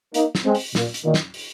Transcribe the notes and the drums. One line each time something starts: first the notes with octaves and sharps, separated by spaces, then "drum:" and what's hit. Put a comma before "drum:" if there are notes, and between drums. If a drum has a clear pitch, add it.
A#3 D#4, drum: hi-hat
drum: snare
G#3 C4
drum: open hi-hat
A#2, drum: snare
drum: hi-hat
A#2 D#3
drum: snare
drum: open hi-hat